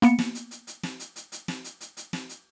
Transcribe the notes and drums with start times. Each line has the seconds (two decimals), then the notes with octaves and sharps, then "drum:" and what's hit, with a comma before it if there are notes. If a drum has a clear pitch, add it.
0.02 A#3 B3 C#7, drum: hi-hat
0.19 drum: snare
0.35 drum: hi-hat
0.51 drum: hi-hat
0.67 drum: hi-hat
0.83 drum: snare
1.00 drum: hi-hat
1.16 drum: hi-hat
1.32 drum: hi-hat
1.48 drum: snare
1.64 drum: hi-hat
1.81 drum: hi-hat
1.97 drum: hi-hat
2.13 drum: snare
2.29 drum: hi-hat